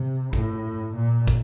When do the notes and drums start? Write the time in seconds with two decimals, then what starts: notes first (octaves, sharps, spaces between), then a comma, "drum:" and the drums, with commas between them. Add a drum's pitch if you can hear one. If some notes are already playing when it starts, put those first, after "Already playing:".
Already playing: C3
0.33 A2, drum: kick
0.96 A#2
1.27 drum: kick